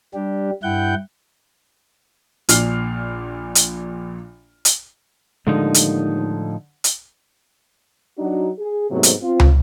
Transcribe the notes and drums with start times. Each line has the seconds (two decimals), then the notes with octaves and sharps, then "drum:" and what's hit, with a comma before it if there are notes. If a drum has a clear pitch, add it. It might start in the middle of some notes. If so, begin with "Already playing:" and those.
0.14 G3 D4 G4
0.63 G2 E4 F#5 G5 G6
2.49 A#1 A#2 D4 F6 C7, drum: hi-hat
3.55 drum: hi-hat
4.65 drum: hi-hat
5.47 D#2 A2 D3 F3 G#3 D#4
5.74 drum: hi-hat
6.84 drum: hi-hat
8.18 F#3 D4 D#4 F#4
8.59 G#4
8.90 G#2 C3 F#3 A3 B3
9.03 drum: hi-hat
9.22 C4 F4
9.40 drum: tom